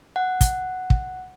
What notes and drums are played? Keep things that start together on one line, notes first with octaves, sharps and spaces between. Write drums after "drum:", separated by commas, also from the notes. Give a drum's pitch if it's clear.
F#5
drum: kick, hi-hat
drum: kick